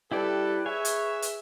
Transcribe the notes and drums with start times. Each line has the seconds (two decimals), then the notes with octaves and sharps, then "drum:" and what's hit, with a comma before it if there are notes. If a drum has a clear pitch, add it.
0.12 G3 E4 G4 A4 B4 D5
0.66 G#4 C#5 E5 G#5
0.85 drum: hi-hat
1.22 drum: hi-hat